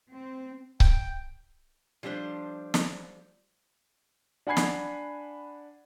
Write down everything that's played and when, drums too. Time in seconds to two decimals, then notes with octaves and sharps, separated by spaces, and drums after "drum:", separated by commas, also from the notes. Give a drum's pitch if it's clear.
0.13 C4
0.80 G5, drum: kick C#1
2.03 F3 G3 A3 D4 C5
2.74 drum: snare
4.47 D4 F#5 G#5 B5 G#6 C7
4.57 drum: snare